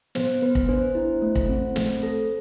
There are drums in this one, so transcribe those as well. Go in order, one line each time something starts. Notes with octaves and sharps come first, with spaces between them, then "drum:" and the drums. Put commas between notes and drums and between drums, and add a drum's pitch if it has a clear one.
B3 C5, drum: snare
B3 B4
drum: kick
D4 C5
E4
A3
drum: kick
C4
A3, drum: snare
A4